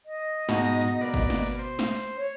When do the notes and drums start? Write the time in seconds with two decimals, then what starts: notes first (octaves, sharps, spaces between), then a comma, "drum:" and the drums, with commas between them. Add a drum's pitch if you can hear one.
0.05 D#5
0.49 G#2 B2 D#4 A#5, drum: snare
0.65 drum: hi-hat
0.81 drum: hi-hat
1.01 A#3 B4 D5
1.14 drum: kick, hi-hat
1.30 drum: snare
1.46 drum: open hi-hat
1.59 C5
1.79 drum: snare
1.95 drum: hi-hat
2.17 C#5